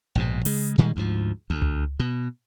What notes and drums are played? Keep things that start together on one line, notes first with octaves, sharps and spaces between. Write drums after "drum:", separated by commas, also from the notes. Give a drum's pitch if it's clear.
A#1 G#2 B2
C#3 G#3, drum: open hi-hat
A#2 D#3 G3 G#3
D2 G#2 F3
D2
drum: tom C#2
B2